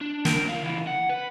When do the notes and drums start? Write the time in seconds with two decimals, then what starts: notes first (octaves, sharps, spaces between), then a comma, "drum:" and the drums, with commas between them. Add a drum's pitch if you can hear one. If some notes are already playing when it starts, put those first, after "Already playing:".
0.01 D4
0.25 A#4, drum: snare
0.45 D2 F5
0.63 C#3 E3
0.87 F#5
1.10 B4